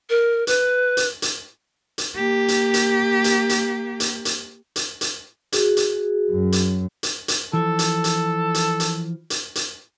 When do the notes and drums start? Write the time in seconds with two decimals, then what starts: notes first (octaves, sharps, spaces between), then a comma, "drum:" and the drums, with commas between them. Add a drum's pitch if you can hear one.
0.10 A#4
0.47 B4, drum: hi-hat
0.97 drum: hi-hat
1.22 drum: hi-hat
1.98 drum: hi-hat
2.15 A#3 G4
2.48 drum: hi-hat
2.74 drum: hi-hat
3.24 drum: hi-hat
3.49 drum: hi-hat
4.00 drum: hi-hat
4.25 drum: hi-hat
4.76 drum: hi-hat
5.01 drum: hi-hat
5.52 F#4 G#4, drum: hi-hat
5.77 drum: hi-hat
6.31 F#2
6.52 drum: hi-hat
7.03 drum: hi-hat
7.28 drum: hi-hat
7.53 E3 F3 A4
7.79 drum: hi-hat
8.04 drum: hi-hat
8.54 drum: hi-hat
8.80 drum: hi-hat
9.30 drum: hi-hat
9.55 drum: hi-hat